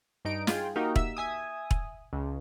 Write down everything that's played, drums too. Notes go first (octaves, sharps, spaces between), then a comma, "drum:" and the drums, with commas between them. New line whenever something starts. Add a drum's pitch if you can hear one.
G2 D#4 D7
F4 G#4 G5, drum: snare
A#3 D#4 F#4 G4 A#4
E5 E6, drum: kick E1
E5 G#5 D#6
drum: kick E1
C#2